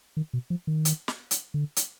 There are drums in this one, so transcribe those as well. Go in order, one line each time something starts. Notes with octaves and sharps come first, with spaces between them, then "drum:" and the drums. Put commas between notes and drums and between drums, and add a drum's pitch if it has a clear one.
D#3
B2
F3
D#3
drum: hi-hat
drum: snare
drum: hi-hat
D3
drum: hi-hat